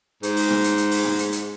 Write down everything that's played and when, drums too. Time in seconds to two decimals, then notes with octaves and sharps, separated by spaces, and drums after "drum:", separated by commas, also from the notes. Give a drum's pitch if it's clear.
0.23 G#2, drum: hi-hat
0.37 drum: open hi-hat
0.50 drum: rim click
0.64 drum: hi-hat
0.78 drum: hi-hat
0.91 drum: open hi-hat
1.05 drum: rim click
1.19 drum: hi-hat
1.32 drum: hi-hat